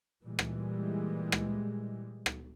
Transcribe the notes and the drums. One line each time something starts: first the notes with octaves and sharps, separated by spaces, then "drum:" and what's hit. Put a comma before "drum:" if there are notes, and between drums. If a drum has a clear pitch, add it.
A#2 E3 G3 G#3
drum: rim click
drum: rim click
drum: rim click